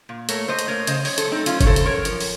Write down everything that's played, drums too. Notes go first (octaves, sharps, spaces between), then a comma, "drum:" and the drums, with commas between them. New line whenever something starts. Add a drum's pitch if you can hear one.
A#2
A3 A#4 C#5, drum: hi-hat
A3 C5 D#5
drum: hi-hat
A#2 A#4 C#5
C#3 C5 D#5, drum: hi-hat
F#2 C#5, drum: open hi-hat
A4 C5, drum: hi-hat
A3 C4 D#4
F#2 C#4 F4, drum: hi-hat
C#5, drum: kick F#1, hi-hat
C#3 A4 C5
drum: hi-hat
F#2 A#4 C#5
F3, drum: hi-hat
drum: open hi-hat